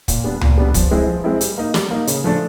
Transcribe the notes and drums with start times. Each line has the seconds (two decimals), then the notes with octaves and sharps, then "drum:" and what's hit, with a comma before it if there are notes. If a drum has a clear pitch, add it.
0.08 A#2, drum: kick, hi-hat
0.24 G3 B3 D4
0.41 A#2, drum: tom C#2
0.58 G3 B3 D4
0.74 F3, drum: kick, hi-hat
0.91 G#3 C4 E4
1.08 F3
1.24 G#3 C4 E4
1.41 G3, drum: hi-hat
1.57 A#3 D#4
1.74 G3, drum: snare
1.90 A#3 D#4
2.07 C#3, drum: hi-hat
2.24 F3 A3 D4